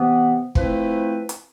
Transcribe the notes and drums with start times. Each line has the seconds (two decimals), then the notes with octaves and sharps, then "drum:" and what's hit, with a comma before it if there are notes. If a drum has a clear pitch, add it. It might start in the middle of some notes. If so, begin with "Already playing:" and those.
Already playing: C3 E3 B3
0.55 F3 A3 C4 E4 B4, drum: kick
1.29 drum: hi-hat